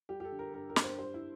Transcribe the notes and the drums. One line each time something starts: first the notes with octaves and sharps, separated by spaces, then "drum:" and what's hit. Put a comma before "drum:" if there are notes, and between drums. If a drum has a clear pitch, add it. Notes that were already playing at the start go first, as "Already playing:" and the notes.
G3 G4
G4
A4
D3
A#4
G2 A#4
A#4
G2, drum: snare
C5
G3 C5
E4